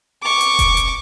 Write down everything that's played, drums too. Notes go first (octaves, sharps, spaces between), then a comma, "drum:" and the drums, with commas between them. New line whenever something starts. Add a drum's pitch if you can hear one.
C#6 D6
drum: hi-hat
drum: kick E1, hi-hat
drum: hi-hat